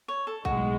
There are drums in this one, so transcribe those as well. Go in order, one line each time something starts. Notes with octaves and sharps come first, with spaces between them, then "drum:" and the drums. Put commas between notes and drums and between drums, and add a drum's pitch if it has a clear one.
C#5
A4
B1 A2 G#3 F#4, drum: kick